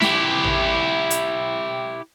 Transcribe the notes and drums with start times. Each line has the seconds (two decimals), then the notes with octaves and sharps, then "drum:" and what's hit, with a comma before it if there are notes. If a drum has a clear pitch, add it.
0.02 E4 G4, drum: snare
0.44 drum: tom A1
1.10 drum: hi-hat